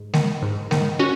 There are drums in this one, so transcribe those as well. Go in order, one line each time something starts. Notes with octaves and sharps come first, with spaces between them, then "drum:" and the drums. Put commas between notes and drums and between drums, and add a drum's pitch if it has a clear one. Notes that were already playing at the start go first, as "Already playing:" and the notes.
Already playing: G#2
D#3, drum: snare G#3
G#2
D#3, drum: snare G#3
C#4 F#4